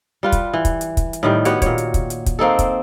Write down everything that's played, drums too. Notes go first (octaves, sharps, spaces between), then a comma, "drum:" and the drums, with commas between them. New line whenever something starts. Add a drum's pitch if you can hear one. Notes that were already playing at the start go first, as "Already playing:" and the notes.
G3 F4 B4
drum: kick, hi-hat
E3
drum: kick, hi-hat
drum: hi-hat
drum: kick, hi-hat
drum: hi-hat
A2 D#3 G3
B3 F#4 G4 C#5, drum: hi-hat
A#2 C#5, drum: kick, hi-hat
drum: hi-hat
drum: kick, hi-hat
drum: hi-hat
drum: kick, hi-hat
A#3 C4 D#4 A4
drum: kick, hi-hat